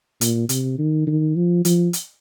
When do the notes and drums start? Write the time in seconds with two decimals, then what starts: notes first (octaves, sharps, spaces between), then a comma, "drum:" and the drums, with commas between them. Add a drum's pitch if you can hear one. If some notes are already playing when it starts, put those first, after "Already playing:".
0.21 A#2, drum: hi-hat
0.49 C3, drum: hi-hat
0.79 D#3
1.07 D#3
1.36 F3
1.65 F3, drum: hi-hat
1.93 drum: hi-hat